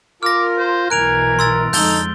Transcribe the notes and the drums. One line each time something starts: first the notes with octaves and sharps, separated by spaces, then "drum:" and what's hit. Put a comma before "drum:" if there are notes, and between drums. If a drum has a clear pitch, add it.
F4 A#4 D6 F6 A#6
C5
B1 B2 E3 A#4 G#5 F#6 D7 F7
C6 E6 A6
F2 D3 G#3 D#4 A4 G6 A6 G7, drum: open hi-hat